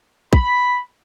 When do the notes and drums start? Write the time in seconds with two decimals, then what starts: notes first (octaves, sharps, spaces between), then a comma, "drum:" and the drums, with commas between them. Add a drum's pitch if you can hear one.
0.33 B5, drum: kick